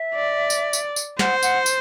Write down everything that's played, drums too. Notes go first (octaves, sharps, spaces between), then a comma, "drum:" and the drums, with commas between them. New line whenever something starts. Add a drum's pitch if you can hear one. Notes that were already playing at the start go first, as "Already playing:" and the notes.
Already playing: E5
D5
drum: tambourine
drum: tambourine
drum: tambourine
C5 F#5, drum: snare
F#5, drum: tambourine
drum: tambourine